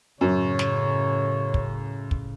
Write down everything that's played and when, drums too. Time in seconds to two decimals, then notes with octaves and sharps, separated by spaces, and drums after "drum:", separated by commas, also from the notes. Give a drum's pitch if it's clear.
0.21 F#2 A2 C#3 C#5
0.59 drum: snare
1.54 drum: kick
2.11 drum: kick